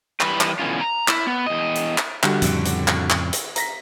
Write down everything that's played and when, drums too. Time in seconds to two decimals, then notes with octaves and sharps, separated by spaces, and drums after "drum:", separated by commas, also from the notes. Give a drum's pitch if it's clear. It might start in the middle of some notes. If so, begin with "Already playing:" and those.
0.21 E3 G3 B4, drum: clap
0.41 drum: clap
0.59 B2 D3 E3 C#4 F4
0.81 A#5
1.08 E4, drum: clap
1.27 B3
1.46 E2 D#5
1.75 drum: hi-hat
1.98 drum: clap
2.23 D3 G3 F#4, drum: clap
2.42 F2 A2 C#3, drum: hi-hat
2.65 drum: hi-hat
2.88 drum: clap
3.10 drum: clap
3.33 drum: hi-hat
3.56 A#5 A#6 B6, drum: hi-hat